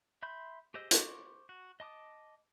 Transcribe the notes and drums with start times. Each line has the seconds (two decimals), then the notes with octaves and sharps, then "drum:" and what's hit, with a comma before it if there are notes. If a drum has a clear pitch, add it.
0.23 E5 B5 C6 G6
0.74 G4 G#4 C5 D#5 E6
0.91 C5 C#6 D6, drum: hi-hat
1.49 F#4
1.80 D#5 A5 D6 D#6